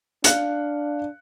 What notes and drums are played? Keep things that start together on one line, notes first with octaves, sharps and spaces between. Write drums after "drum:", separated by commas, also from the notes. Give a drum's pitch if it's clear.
D4 F5 F#6 C#7, drum: hi-hat